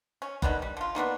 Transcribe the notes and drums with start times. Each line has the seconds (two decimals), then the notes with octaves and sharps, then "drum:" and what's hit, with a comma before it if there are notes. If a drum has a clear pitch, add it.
0.22 C#4
0.42 D3 D#3 G3 B3, drum: kick F#1
0.62 G3
0.77 D3 F4
0.95 D#3 A#3 B3 D4